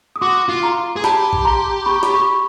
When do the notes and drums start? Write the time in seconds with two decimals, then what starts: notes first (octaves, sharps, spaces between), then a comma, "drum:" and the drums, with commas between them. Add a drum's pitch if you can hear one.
0.16 D#6
0.21 F#4 C6 D6
0.49 F4
0.63 A#5 C6
0.96 G#4
1.04 G4 A5 B5, drum: snare
1.33 drum: kick
1.45 A#5 C6
1.86 B5 C#6
2.03 drum: snare
2.13 B5 C#6